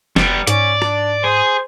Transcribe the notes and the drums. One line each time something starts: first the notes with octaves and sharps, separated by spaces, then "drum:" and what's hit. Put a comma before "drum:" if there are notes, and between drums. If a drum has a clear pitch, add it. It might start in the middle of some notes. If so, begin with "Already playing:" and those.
F1 G3 B3, drum: snare
G#2 C#4 D5, drum: hi-hat
D4, drum: rim click
G#4 C5